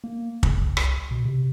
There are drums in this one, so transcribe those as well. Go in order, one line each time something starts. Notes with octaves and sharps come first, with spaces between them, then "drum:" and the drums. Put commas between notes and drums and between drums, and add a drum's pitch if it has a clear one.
A#3
C#3, drum: kick
C2
C2, drum: rim click
B2
C3